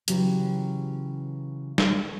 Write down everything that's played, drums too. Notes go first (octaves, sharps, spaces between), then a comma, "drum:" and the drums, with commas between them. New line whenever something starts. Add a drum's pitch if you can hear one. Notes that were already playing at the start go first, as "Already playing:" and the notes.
C#3 E3 F#3 G4, drum: hi-hat
drum: snare